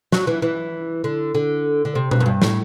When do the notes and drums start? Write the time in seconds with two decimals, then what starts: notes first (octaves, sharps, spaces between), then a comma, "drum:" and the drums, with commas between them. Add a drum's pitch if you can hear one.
0.12 F#3, drum: snare
0.27 E3
0.42 E3
1.04 D3
1.35 D3
1.85 D3
1.95 C3
2.11 B2, drum: tom B2
2.20 F#2
2.26 G2
2.42 A2, drum: snare